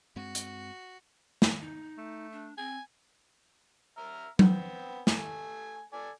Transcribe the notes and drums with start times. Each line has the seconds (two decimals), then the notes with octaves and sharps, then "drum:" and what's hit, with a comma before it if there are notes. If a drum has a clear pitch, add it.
0.16 G2 G#3 C4 F#4
0.35 drum: hi-hat
1.42 drum: snare
1.61 D#4
1.98 A3
2.32 D4
2.58 C4 G#5
3.97 E5 A#5 F6
4.39 B3 C4, drum: tom F#3
5.07 A3 G#5, drum: snare
5.93 A4 D5 G#5